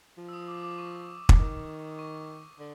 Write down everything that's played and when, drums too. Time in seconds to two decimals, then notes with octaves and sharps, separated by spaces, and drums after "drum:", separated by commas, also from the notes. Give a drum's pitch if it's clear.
0.18 F3
0.29 E6
0.33 D#6
0.48 D6
0.63 D6
0.78 C#6
1.29 drum: kick
1.38 D#3
1.99 C#6
2.59 D3